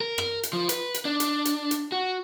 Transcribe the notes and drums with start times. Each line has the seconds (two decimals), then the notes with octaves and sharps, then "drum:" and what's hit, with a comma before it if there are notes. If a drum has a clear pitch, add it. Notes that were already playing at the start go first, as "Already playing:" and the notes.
0.01 A#4
0.18 drum: rim click
0.43 drum: hi-hat
0.53 F3
0.69 B4, drum: hi-hat
0.94 drum: hi-hat
1.05 D4
1.20 drum: hi-hat
1.45 drum: hi-hat
1.71 drum: hi-hat
1.92 F#4